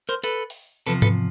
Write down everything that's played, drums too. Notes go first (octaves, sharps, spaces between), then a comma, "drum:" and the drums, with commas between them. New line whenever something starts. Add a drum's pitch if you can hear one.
A#4 C5
A4 B4, drum: hi-hat
drum: open hi-hat
E2 C3 F3 A4 B4
A4 B4, drum: tom G#2